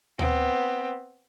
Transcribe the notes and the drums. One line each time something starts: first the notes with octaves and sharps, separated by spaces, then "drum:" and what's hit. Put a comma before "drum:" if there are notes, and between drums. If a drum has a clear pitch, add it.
B3 C4, drum: tom D2